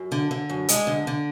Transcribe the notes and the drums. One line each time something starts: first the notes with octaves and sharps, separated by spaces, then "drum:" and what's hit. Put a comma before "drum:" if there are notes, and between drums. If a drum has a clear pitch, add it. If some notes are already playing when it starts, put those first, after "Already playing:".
Already playing: F#2
D3
D3
F#2
D2 G#3, drum: hi-hat
D3
D3